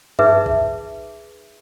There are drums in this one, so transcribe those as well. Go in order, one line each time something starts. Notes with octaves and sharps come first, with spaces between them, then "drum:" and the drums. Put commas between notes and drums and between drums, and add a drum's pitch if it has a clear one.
D#4 G#4 B4 E5, drum: tom G2
drum: kick B1